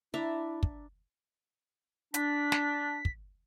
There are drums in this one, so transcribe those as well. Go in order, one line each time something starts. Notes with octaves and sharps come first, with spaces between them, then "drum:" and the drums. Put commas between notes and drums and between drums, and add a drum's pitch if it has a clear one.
D4 E4 E5 A#5
drum: kick
D4 B6, drum: hi-hat
drum: snare
drum: kick